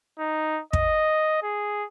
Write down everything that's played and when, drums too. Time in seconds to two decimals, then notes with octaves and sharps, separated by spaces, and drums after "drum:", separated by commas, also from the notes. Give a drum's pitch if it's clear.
0.19 D#4
0.73 D#5, drum: kick
1.43 G#4